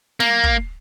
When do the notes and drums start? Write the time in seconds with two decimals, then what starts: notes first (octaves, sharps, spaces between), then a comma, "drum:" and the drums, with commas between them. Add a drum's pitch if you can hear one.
0.20 A#3, drum: snare
0.44 drum: kick